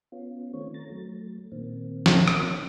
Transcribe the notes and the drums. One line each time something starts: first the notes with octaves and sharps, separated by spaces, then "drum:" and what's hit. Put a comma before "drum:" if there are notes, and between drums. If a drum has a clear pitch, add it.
B3 C#4 F4
D#3 A3 C4 C#5
A#5 A6
F#3 A3
A#2 D#3 A#3 C4
drum: snare
drum: rim click
C#4 D#4